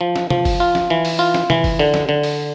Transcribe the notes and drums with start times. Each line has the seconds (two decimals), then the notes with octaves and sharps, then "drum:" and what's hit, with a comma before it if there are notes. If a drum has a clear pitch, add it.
0.01 F3
0.16 drum: snare
0.30 F3, drum: tom
0.45 drum: kick, open hi-hat
0.60 F4
0.75 drum: snare
0.90 E3
1.05 drum: open hi-hat
1.19 F4
1.34 drum: snare
1.50 E3, drum: tom
1.64 drum: kick, open hi-hat
1.79 D3
1.94 drum: snare
2.09 D3
2.23 drum: open hi-hat